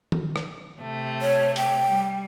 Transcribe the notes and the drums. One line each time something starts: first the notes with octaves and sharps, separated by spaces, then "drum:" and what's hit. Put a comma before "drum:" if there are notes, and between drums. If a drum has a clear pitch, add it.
drum: tom D#3
drum: rim click
C3 A3
C#5
G5, drum: hi-hat
G3